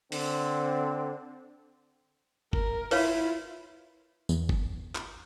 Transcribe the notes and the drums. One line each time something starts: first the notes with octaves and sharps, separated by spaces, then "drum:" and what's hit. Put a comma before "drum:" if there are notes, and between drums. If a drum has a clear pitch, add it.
D3 C4, drum: open hi-hat
A#4, drum: kick G1
E4 F4 B4 C#5 F5, drum: open hi-hat
E2, drum: tambourine
drum: kick G1
drum: clap